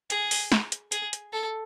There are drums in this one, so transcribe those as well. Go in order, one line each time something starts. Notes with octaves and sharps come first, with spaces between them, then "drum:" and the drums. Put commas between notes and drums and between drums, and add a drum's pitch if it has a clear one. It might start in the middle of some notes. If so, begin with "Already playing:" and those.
G#4, drum: hi-hat
drum: open hi-hat
drum: snare
drum: hi-hat
G#4, drum: hi-hat
drum: hi-hat
A4